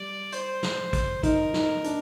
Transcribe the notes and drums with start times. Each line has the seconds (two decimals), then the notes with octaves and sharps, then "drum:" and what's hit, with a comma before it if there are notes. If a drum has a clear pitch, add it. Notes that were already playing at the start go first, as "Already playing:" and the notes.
Already playing: G3 D5
0.32 C5, drum: hi-hat
0.63 drum: snare
0.93 drum: kick, hi-hat
1.23 D#4 A#4, drum: kick, hi-hat
1.54 D#4, drum: snare
1.84 D4, drum: hi-hat